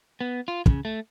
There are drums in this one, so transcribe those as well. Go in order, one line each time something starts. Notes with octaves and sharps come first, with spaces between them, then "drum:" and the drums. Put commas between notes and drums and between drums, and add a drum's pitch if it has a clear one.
B3
F4
C#3, drum: kick
A3